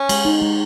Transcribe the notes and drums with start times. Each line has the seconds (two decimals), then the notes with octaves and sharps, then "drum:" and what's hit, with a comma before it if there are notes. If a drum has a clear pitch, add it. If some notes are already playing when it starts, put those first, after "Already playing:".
Already playing: C#4
0.09 G#3, drum: cymbal
0.25 D#4
0.42 G#3